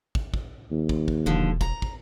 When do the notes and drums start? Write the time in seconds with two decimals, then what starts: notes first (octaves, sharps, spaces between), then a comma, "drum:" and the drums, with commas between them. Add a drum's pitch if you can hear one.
0.15 drum: kick
0.34 drum: kick
0.71 D#2
0.89 drum: kick
1.08 drum: kick
1.26 E1 D3 F3
1.61 A#5, drum: kick
1.82 drum: kick